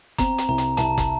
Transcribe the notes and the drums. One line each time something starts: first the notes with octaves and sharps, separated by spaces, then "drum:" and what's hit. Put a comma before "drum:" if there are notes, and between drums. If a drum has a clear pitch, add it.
C4 A#5, drum: kick, hi-hat
drum: hi-hat
C2 A#5
drum: hi-hat
C2 A5, drum: hi-hat
drum: kick, hi-hat